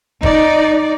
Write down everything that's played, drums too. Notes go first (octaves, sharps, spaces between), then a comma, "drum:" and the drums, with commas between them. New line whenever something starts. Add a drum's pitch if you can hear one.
D#4 D5 D#5, drum: kick